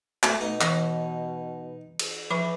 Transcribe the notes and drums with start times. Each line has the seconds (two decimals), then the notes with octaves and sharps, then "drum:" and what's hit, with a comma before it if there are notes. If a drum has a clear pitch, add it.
0.23 A3 F#4, drum: clap
0.40 B2 D#4
0.61 E3 C#6, drum: clap
1.99 drum: cymbal
2.30 E3 F3 B5 C#6